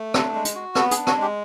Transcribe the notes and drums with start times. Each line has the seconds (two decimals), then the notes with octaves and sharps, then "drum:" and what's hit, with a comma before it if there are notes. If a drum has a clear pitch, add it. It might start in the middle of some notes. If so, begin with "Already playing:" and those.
Already playing: A3
0.14 D4, drum: rim click
0.35 G#3
0.45 drum: hi-hat
0.55 F#4
0.75 B3 A4, drum: rim click
0.91 G#4, drum: hi-hat
0.96 D4
1.07 F#4, drum: rim click
1.17 G#3 G4